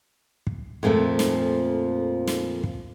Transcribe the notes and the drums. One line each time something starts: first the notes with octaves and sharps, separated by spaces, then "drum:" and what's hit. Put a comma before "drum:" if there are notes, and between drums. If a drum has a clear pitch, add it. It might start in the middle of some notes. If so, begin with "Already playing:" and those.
drum: kick
F2 A#2 F3 A3 A4
drum: snare
drum: snare
drum: kick